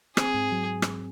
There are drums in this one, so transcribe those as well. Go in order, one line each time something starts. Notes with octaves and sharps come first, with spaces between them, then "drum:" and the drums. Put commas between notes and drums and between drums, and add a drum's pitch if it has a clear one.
C4 G#4, drum: rim click
G#2
F#3
drum: rim click